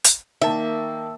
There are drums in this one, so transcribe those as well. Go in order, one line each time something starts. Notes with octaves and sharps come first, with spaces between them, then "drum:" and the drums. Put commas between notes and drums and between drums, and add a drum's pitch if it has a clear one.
drum: hi-hat
D#3 A#3 E5 A5